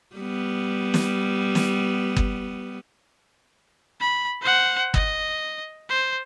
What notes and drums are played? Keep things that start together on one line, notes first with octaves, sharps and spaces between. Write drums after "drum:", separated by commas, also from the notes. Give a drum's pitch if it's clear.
G3 B3
drum: snare
drum: snare
drum: kick
B5
C5 F#5
D#5, drum: kick
C5